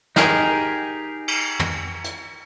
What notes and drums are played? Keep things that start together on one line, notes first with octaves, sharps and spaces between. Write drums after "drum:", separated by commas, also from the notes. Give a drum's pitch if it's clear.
D#4 G4 G#4 A#4, drum: snare
drum: cymbal
drum: tom
drum: hi-hat